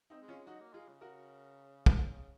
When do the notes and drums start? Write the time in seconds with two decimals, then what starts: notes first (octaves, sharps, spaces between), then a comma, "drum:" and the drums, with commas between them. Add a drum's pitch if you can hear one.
0.10 C4 D#4
0.20 G#3
0.28 C#4 F4
0.47 F#3 D#4 F#4
0.61 A#3
0.74 G#3 F4 G#4
0.88 C#3
1.01 F#4 A#4
1.86 drum: kick
2.10 C#3